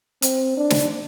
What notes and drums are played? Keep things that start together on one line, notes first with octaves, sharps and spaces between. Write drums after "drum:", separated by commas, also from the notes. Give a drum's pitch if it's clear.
C4, drum: hi-hat
D4
drum: snare